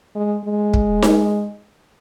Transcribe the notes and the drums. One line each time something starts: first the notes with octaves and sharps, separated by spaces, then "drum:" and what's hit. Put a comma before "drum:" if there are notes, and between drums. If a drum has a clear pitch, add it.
G#3
G#3
drum: kick
drum: snare D#4